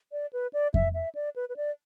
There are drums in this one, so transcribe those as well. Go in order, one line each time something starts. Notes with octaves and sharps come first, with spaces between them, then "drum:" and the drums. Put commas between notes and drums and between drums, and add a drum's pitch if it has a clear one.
D5
B4
D5
E5, drum: kick F2
E5
D5
B4
B4
D5